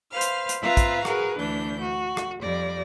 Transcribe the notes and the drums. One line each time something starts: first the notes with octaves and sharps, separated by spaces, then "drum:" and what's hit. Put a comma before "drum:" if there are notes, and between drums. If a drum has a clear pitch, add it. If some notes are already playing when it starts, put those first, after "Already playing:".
B4 C5 F5 F6
drum: hi-hat
drum: hi-hat
C4 F4 B4 E5 F5 A#5
drum: kick, hi-hat
F#4 G#4 A#4 B4, drum: rim click
D2 E3 D4 G6
F#4
drum: rim click
F2 G3 D5 A#6